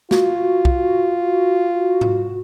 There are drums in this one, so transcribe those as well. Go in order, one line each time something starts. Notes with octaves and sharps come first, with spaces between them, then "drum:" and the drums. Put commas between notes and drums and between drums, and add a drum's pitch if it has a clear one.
F4 F#4, drum: snare
drum: kick B1
drum: tom G#2